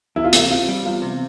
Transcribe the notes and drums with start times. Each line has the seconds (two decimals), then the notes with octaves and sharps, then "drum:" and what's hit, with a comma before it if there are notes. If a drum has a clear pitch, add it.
0.16 E2 E4
0.24 F4
0.33 C3 E4, drum: hi-hat
0.51 C4 F4
0.68 G3
0.85 E2 F4
1.02 C3